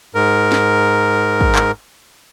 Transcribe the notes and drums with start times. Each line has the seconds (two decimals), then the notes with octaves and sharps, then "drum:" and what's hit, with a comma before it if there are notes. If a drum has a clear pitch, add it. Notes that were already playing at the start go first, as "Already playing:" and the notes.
0.15 G#2 A#4
0.52 drum: snare
1.41 drum: kick
1.56 drum: clap